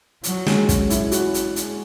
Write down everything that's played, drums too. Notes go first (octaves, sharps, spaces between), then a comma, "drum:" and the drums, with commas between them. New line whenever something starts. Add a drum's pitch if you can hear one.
F#3, drum: hi-hat
G#3, drum: snare
C#4, drum: kick, hi-hat
E4, drum: hi-hat
F#4, drum: hi-hat
drum: hi-hat
drum: hi-hat